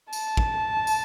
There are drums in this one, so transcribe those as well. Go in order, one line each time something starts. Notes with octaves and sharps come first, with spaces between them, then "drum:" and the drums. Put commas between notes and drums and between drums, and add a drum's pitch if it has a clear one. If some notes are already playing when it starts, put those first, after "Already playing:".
A5, drum: tambourine
drum: kick
drum: tambourine